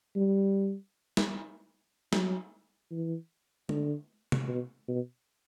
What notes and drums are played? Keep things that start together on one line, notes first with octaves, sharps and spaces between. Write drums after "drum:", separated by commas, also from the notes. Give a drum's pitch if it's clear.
G3
drum: snare
F#3, drum: snare
E3
D3, drum: tom
drum: tom C3
B2
B2